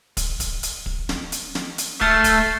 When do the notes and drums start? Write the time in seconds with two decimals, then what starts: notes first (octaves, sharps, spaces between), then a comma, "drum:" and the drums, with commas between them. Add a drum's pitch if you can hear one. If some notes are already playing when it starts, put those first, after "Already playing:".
0.17 drum: kick, hi-hat
0.40 drum: kick, hi-hat
0.63 drum: hi-hat
0.86 drum: kick
1.09 drum: snare
1.32 drum: hi-hat
1.55 drum: snare
1.78 drum: hi-hat
2.01 A3 F6 A6 C7, drum: kick
2.24 drum: kick, hi-hat